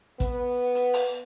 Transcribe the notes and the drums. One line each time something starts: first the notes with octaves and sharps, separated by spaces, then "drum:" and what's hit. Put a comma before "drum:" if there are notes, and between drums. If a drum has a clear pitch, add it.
B3, drum: kick, hi-hat
drum: hi-hat
drum: open hi-hat